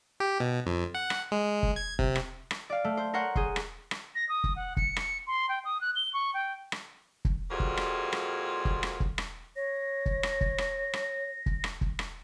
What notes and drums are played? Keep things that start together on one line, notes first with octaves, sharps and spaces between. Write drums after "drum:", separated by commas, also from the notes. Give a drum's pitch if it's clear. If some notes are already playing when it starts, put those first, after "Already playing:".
G4
B2
F2
F#5
drum: rim click
G#3
drum: kick
G#6
C3, drum: kick
drum: rim click
drum: rim click
D5 F5
A3
C5
A#4 C5 C#5 F#5
G#4 C5, drum: kick
drum: rim click
drum: rim click
A#6
D#6
drum: kick
F#5
C#7, drum: kick
drum: rim click
C6
G5
D#6
F#6
G7
C#6
G5
drum: rim click
drum: kick
F2 A#2 G3 F4 F#4 G#4
drum: kick
drum: rim click
drum: rim click
drum: kick
drum: rim click
drum: kick
drum: rim click
C#5 A#6
drum: kick
drum: rim click
drum: kick
drum: rim click
drum: rim click
drum: kick
drum: rim click
drum: kick
drum: rim click